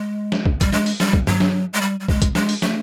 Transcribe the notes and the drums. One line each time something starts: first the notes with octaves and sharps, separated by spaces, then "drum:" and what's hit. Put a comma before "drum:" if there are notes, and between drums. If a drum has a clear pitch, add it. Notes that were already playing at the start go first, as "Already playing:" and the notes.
Already playing: G#3
drum: snare
drum: kick
G3, drum: kick, hi-hat
G#3, drum: snare
drum: open hi-hat
G3, drum: snare
drum: kick
F#3, drum: tom G2
drum: snare
G#3
G3
G3
G#3, drum: kick
drum: kick, hi-hat
G#3, drum: snare
drum: open hi-hat
A3, drum: snare